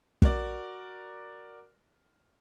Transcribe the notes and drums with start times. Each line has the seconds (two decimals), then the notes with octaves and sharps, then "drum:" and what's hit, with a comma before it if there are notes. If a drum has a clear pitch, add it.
0.22 F#4 A#4 D5, drum: kick